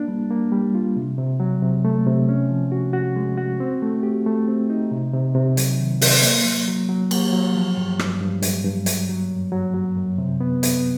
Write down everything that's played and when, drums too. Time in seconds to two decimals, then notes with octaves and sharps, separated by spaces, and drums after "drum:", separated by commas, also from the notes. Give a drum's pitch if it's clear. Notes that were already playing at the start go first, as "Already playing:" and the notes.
Already playing: A#3 D4
0.08 G3
0.31 A#3
0.52 G3
0.75 F4
0.97 C3
1.18 C3
1.40 F#3
1.62 C3
1.85 A3
2.06 C3
2.29 C#4
2.49 F3
2.72 F#4
2.93 F#4
3.16 G#3
3.37 F#4
3.60 C4
3.82 A3
4.03 G4
4.26 A3
4.48 C4
4.70 D#4
4.91 C3
5.13 C3
5.35 C3
5.57 F#3, drum: hi-hat
5.79 D#3
6.01 C3, drum: open hi-hat
6.23 A#3, drum: hi-hat
6.45 F#3
6.68 F#3
6.89 F#3
7.11 A#3, drum: cymbal
7.33 F#3
7.55 F3
7.77 G2
7.99 G2, drum: rim click
8.21 G2
8.42 G2, drum: hi-hat
8.64 G2
8.86 F#3, drum: hi-hat
9.09 F#3
9.31 F#2
9.52 F#3
9.74 F#3
9.96 F#2
10.18 C3
10.40 B3
10.63 B3, drum: hi-hat